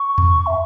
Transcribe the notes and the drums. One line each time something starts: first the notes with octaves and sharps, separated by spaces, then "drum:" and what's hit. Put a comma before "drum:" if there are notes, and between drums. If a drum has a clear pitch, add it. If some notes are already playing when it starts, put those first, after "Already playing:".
Already playing: C#6
drum: tom E2
E5